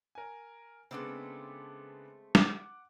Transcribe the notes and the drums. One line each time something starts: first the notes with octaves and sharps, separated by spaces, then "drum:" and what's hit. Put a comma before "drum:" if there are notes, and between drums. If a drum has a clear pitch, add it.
A#4 G#5
C#3 G#3 A3 B3 C4 D4
F#5 D6, drum: snare